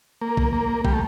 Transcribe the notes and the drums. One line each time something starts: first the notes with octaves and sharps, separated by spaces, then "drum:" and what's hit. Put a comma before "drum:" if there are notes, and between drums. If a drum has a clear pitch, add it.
A#3
drum: kick
A#3
G3, drum: kick
A3